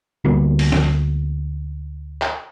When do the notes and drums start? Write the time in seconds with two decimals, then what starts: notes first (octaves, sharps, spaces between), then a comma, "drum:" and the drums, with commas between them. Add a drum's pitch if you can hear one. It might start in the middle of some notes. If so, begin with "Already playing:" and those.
0.25 D2 G3 A#3 B3
0.59 drum: open hi-hat
0.72 drum: snare
2.22 drum: clap